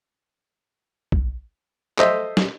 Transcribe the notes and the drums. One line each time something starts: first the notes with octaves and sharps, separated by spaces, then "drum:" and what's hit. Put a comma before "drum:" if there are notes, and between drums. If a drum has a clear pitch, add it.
drum: kick
A4 C5 D#5 E5, drum: clap
drum: snare